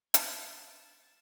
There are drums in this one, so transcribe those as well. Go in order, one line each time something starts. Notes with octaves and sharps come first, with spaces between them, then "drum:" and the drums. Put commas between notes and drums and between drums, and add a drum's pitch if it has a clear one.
G#6 A6 E7, drum: hi-hat